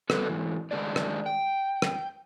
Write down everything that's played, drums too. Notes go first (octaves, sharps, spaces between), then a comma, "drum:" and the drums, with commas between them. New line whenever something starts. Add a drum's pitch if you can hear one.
D3 G3 B3 F#4 A4 B4, drum: rim click
G#2 E3
D#3 E3 G#3 D4 D5
drum: rim click
G5
drum: rim click